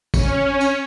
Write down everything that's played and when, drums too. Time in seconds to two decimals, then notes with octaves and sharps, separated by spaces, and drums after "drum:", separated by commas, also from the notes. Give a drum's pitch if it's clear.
0.14 C#4, drum: kick, tambourine
0.61 drum: tambourine